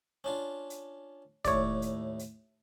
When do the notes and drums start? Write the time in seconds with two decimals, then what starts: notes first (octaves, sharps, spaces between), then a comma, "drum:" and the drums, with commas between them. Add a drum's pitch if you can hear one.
0.24 C#4 D4 F4
0.70 drum: hi-hat
1.45 D#2 A2 C#5 D5, drum: kick, hi-hat
1.82 drum: hi-hat
2.19 drum: hi-hat